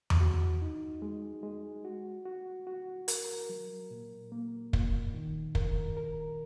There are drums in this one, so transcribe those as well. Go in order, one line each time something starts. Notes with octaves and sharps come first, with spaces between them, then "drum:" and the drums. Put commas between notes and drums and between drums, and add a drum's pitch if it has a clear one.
drum: tom E2
F#4
D#4
G#3
G#3
F#4
F#4
F#4
A#4, drum: hi-hat
F#3
A#2
A#3
A#2, drum: kick
D#3
A#4, drum: kick
A#4